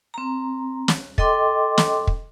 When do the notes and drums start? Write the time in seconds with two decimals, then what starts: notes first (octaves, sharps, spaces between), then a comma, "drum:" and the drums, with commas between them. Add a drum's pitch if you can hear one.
0.14 C4 A#5
0.88 drum: snare
1.18 A4 D#5 G5 C6 D6, drum: kick
1.78 drum: snare
2.07 drum: kick